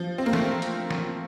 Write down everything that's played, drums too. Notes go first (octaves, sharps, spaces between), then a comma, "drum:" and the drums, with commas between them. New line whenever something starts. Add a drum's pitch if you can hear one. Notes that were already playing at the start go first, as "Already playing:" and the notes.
Already playing: F3
C4
A#3
A3, drum: snare
drum: hi-hat
drum: snare